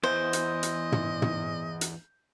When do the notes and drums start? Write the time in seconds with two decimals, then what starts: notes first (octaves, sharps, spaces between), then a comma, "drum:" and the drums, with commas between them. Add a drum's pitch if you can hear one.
0.03 E2 E3 C5 D#5 G6
0.33 drum: hi-hat
0.63 drum: hi-hat
0.92 drum: tom
1.22 drum: tom
1.81 drum: hi-hat